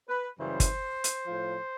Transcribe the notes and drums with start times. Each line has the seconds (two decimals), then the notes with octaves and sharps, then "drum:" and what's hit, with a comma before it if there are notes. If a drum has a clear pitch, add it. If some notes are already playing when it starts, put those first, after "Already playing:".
0.08 B4
0.38 F#2 C#3 E3 G3 C5
0.60 drum: kick G1, hi-hat
1.04 drum: hi-hat
1.26 A2 F3